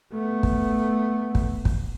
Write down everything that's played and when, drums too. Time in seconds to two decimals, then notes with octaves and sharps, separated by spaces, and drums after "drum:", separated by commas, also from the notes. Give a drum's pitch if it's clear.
0.13 A3 B3
0.43 drum: kick
1.35 drum: kick
1.65 drum: kick